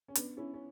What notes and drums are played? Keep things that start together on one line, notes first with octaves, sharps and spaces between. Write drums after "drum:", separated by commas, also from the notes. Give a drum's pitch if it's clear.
C#4
B3 D4, drum: hi-hat
C#4 E4
C#4